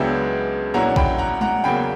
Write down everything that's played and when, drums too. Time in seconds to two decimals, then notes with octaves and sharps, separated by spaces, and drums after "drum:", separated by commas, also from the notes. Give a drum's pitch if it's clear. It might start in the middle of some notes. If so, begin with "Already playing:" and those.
Already playing: C#2 C#3 F#3 B3 D4 E5 G5
0.74 A#1 A#2 F#3 C#4 E4 F#5 A#5
0.96 G5 B5, drum: kick A#1
1.18 F#5 A#5
1.41 F#5 A#5, drum: tom G#3
1.64 E2 C#3 F#3 A#3 G5 B5